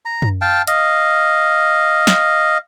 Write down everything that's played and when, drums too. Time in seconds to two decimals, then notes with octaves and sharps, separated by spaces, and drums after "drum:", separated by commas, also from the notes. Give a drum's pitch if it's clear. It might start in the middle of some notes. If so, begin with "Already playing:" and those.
0.05 A#5
0.22 drum: tom F#2
0.41 F5 G5 A5
0.67 D#5 F5, drum: hi-hat
2.07 drum: snare